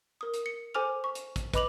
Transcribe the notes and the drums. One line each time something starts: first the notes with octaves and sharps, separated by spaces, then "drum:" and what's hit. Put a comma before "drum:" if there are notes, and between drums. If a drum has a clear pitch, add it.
A#4 D#6
drum: hi-hat
C#7
A4 C5 G#5 D6 F6 F7
C#6
drum: hi-hat
drum: kick, hi-hat
B4 D#5 B5 D6 F7 F#7, drum: kick, hi-hat